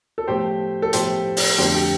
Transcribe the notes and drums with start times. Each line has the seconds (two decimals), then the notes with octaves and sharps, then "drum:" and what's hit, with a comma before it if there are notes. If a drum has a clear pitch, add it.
0.18 A4
0.28 A2 F3 A3 G4 C5
0.82 A4
0.93 A2 F3 A3 G4 C5, drum: hi-hat
1.37 drum: open hi-hat
1.58 F2 D3 F3 A3 G4 C5
1.75 G4